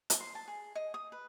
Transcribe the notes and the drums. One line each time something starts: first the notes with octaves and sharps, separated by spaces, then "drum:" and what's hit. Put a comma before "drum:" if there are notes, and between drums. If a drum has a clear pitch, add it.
drum: hi-hat
C6
A5
G#4
D#5
D#6
B4